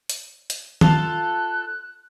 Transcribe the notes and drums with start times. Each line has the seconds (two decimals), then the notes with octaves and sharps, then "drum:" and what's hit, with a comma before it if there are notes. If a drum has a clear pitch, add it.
0.09 drum: hi-hat
0.50 drum: hi-hat
0.81 F4 A4 F#6, drum: tom D#3